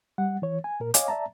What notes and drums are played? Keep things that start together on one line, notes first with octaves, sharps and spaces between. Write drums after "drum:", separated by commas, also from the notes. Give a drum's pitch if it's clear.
G3 F#5
E3 C#5
G#5
A#2 A#4
C#5 D#5 F5 G#5 D6, drum: hi-hat
D5 E5 A5 A#5